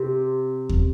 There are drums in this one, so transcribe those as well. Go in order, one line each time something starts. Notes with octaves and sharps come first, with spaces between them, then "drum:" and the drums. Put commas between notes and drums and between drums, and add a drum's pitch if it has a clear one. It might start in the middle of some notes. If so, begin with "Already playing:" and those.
Already playing: C3
drum: kick D#2